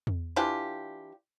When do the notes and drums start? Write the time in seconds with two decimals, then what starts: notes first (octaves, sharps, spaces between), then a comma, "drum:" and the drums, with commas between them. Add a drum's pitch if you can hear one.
0.07 drum: tom E2
0.36 E3 D4 F4 G4